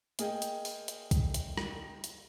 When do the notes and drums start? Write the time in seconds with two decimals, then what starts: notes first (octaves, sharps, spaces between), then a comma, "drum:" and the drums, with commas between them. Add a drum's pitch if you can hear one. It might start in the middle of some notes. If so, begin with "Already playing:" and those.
0.19 A#3 G#4 D#5 G5, drum: hi-hat
0.42 drum: hi-hat
0.65 drum: open hi-hat
0.88 drum: hi-hat
1.11 drum: kick B1, hi-hat
1.34 drum: hi-hat
1.57 drum: rim click
2.04 drum: hi-hat